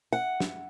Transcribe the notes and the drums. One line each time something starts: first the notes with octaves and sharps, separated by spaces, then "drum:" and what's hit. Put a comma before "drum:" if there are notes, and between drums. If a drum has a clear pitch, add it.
F#5
drum: snare